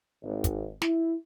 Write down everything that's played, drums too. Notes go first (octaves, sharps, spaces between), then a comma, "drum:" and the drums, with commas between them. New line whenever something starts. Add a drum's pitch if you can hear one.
G#1
drum: kick, hi-hat
E4, drum: snare